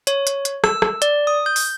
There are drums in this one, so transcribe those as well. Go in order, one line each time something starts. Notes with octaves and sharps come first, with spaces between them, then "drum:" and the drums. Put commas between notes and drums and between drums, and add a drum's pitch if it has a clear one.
C#5, drum: hi-hat
drum: hi-hat
drum: hi-hat
E6, drum: rim click
drum: rim click
D5, drum: hi-hat
D#6
G6
drum: open hi-hat